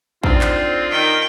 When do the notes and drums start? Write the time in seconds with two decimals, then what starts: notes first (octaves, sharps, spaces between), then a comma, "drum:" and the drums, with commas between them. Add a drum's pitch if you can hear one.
0.24 D3 F3 C4 D4 D#4 F4 D5, drum: kick A#1
0.41 drum: clap
0.92 D#3 G5